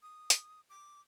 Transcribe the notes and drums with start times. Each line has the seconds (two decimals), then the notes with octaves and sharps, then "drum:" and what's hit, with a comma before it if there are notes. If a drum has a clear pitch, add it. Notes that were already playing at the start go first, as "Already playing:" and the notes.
0.02 D#6
0.30 drum: hi-hat
0.70 D6